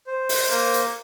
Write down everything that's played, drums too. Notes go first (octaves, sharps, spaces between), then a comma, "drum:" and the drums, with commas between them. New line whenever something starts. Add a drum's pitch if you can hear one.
C5
drum: open hi-hat
A#3
drum: hi-hat